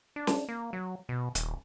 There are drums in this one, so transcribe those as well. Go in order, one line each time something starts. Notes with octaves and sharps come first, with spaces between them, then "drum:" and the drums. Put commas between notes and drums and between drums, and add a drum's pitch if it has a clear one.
D4
drum: snare
A#3
F#3
B2
D#1, drum: hi-hat